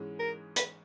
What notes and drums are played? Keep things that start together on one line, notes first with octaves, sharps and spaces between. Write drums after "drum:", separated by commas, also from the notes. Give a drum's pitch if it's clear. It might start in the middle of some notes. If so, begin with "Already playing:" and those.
Already playing: G#2 E3 G#3 C#4 G#4
A#4
B4, drum: hi-hat